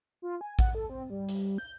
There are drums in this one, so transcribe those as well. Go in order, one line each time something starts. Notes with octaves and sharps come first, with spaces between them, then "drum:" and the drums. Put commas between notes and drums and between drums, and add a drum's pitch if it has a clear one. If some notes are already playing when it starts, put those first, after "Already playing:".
F4
G#5
F#5, drum: kick A1, hi-hat
A4
C4
G3
drum: hi-hat
G6